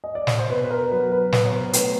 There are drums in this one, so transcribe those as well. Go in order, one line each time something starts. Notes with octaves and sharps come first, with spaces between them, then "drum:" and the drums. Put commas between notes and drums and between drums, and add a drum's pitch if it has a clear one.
D#5
D5
C#5, drum: snare
C5
B2 B4
B4
A#4
F#3 B4
B4
B2 B4, drum: snare
C#5
C5
A3 B4, drum: hi-hat